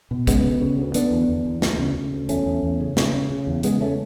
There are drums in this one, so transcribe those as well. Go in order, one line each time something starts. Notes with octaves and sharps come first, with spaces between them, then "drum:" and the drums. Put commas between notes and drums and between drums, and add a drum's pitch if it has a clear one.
B2
C#3 G#3 B3, drum: kick, hi-hat
D2
C#3
D2
D3 B3 D4, drum: hi-hat
E2
E2
E2
D2, drum: snare
C#3
C#3
D2
E2 A3 C#4, drum: hi-hat
E2
E2
C#3
C#3, drum: snare
C#3
C#3
E2
C#3 G#3 B3, drum: hi-hat
A3 C#4